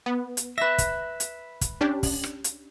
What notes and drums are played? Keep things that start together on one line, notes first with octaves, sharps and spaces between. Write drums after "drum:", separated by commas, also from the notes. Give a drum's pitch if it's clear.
B3
drum: hi-hat
B4 E5 A#6 E7
drum: kick, hi-hat
drum: hi-hat
drum: kick, hi-hat
C#4 D4 G4
drum: kick, open hi-hat
drum: rim click
drum: hi-hat